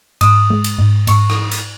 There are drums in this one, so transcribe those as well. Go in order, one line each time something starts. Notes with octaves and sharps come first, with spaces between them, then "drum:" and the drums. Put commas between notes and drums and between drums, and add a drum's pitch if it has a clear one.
G#2 D#6, drum: cymbal
G#3
drum: cymbal
G#2
G#2 C#6, drum: cymbal
drum: rim click
drum: cymbal